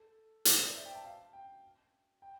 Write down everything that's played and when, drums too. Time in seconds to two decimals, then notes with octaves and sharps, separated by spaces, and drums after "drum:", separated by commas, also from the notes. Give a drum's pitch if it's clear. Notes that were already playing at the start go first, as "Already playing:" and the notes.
Already playing: A4
0.45 B4, drum: hi-hat
0.55 C5
0.66 D5
0.75 E5
0.85 G5
0.95 A5
1.05 F5
1.33 G5
2.22 G5